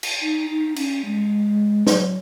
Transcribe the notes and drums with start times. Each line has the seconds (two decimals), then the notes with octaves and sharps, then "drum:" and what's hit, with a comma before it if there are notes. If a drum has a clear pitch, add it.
0.03 drum: cymbal
0.21 D#4
0.50 D#4
0.76 C#4, drum: cymbal
1.05 G#3
1.87 F#3, drum: snare